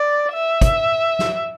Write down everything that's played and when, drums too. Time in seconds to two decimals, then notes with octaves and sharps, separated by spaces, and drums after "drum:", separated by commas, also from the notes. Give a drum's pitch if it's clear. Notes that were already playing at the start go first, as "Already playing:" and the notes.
Already playing: D5
0.33 E5
0.61 drum: kick, hi-hat
1.19 drum: snare